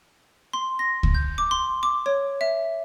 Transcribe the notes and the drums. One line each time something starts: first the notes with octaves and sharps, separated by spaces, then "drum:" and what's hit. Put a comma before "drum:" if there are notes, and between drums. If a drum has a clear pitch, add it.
C6
A#6
drum: kick C#2
G6
D6
C6
D6
C#5
E5